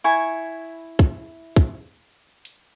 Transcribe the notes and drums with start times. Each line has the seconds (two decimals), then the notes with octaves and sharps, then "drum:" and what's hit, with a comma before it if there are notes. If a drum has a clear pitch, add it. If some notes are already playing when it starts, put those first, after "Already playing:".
0.04 E4 G#5 C#6
0.99 drum: kick
1.56 drum: kick
2.45 drum: hi-hat